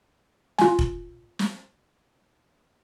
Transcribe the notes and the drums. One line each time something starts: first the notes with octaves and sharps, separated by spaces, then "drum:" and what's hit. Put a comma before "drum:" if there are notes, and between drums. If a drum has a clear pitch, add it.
F4 G#5, drum: snare
drum: kick F1
drum: snare